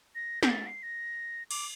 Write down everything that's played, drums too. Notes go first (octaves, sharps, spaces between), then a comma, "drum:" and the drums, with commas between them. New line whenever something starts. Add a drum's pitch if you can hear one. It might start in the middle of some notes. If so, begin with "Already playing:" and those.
A#6
G6, drum: snare
A6
C7
A#6
D6, drum: cymbal